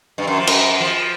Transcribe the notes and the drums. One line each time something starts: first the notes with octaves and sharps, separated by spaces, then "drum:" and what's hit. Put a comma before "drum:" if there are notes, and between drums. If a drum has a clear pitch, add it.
G2
F#2
F3
F#2, drum: cymbal
F3